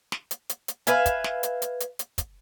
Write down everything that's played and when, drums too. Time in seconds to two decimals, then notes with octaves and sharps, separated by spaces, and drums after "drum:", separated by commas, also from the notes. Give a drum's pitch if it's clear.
0.12 drum: snare
0.31 drum: hi-hat
0.49 drum: hi-hat
0.68 drum: hi-hat
0.87 B4 E5 F5 G#5, drum: hi-hat
1.06 drum: kick, hi-hat
1.24 drum: snare
1.43 drum: hi-hat
1.62 drum: hi-hat
1.80 drum: hi-hat
1.99 drum: hi-hat
2.18 drum: kick, hi-hat